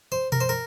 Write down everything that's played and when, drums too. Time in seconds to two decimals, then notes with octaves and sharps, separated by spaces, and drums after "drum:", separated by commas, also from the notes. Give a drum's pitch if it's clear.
0.12 C5
0.32 A#4, drum: tom B2
0.41 C5
0.49 A#4